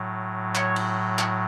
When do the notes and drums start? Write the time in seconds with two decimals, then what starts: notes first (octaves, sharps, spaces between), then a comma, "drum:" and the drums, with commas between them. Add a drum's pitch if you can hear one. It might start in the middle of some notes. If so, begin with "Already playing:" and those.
Already playing: A2 F#3
0.55 C#5, drum: clap
0.76 drum: cymbal
1.19 drum: clap